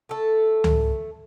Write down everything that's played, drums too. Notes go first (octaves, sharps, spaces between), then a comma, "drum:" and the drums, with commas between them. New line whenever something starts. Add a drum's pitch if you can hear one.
A3 A4
drum: tom C#2